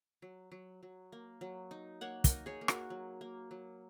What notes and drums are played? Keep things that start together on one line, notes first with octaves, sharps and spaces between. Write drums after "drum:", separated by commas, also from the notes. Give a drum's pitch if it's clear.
F#3
F#3
F#3
A#3
F#3
D#4
A#3 C#5 F#5
A#4 D#5, drum: kick, hi-hat
D#4
G#4 C#5
A#3
F#4 A#4, drum: rim click
F#3
A#3
F#3